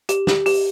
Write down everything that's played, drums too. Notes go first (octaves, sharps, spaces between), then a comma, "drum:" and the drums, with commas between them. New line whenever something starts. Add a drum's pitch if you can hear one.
G4, drum: hi-hat
G4, drum: snare
G4, drum: open hi-hat